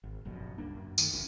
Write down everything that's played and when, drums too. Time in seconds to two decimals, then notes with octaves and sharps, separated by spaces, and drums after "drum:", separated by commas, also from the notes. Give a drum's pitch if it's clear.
0.04 G#1
0.25 F1 A#1 F#2 B2
0.58 C#2 G2 A#3 D4
0.75 F#2
0.98 D#3 A3, drum: tambourine
1.10 G1 C2 E3 C#4